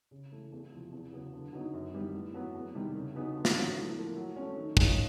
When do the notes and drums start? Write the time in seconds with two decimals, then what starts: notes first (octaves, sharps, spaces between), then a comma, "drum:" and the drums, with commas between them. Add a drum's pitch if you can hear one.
0.11 C#3
0.32 E3 A3
0.52 E2
0.72 C3 F3
0.93 E2
1.13 C#3 F#3 B3
1.33 D3
1.53 F#3 B3 D#4
1.73 F#2
1.93 D#3 G3 B3
2.14 A2
2.34 F#3 B3
2.54 E2
2.75 C3 D#3 G3
2.95 C#3
3.15 F#3 B3 D#4 G#4
3.36 D3
3.45 drum: snare
3.55 F#3 B3
3.76 A2
3.96 F3 A#3
4.16 F#3
4.36 A3 C#4
4.57 D#3
4.77 G#3 C#4 F4, drum: kick